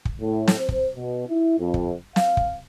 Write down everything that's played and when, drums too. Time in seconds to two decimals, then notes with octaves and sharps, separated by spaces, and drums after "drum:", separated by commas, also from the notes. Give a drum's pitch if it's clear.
0.05 drum: kick
0.21 A2
0.47 drum: snare
0.59 C5
0.69 drum: kick
0.95 B2
1.28 E4
1.59 F2
1.74 drum: kick
2.16 F5, drum: snare
2.37 drum: kick